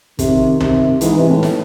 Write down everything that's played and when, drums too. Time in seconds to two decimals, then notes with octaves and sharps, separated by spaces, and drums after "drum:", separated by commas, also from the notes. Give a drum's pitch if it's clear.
0.19 C3 D#3, drum: kick, hi-hat
0.60 C3, drum: tom C2
1.01 G#2 E3, drum: hi-hat
1.19 C3
1.29 A2
1.43 drum: snare